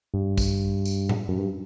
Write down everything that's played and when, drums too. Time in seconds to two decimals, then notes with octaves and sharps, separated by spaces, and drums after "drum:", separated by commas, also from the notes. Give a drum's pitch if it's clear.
0.14 G2
0.38 drum: kick, tambourine
0.85 drum: tambourine
1.09 drum: tom A2
1.29 F#2
1.38 G2